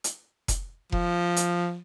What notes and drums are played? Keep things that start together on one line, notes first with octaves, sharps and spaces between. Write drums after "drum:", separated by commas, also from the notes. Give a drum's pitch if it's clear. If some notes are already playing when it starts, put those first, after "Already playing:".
drum: hi-hat
drum: kick F1, hi-hat
F3, drum: kick F1
drum: hi-hat